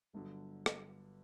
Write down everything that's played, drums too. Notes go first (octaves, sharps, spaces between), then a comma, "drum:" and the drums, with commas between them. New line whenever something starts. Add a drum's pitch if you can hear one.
G1 G2 D3 F#3
drum: rim click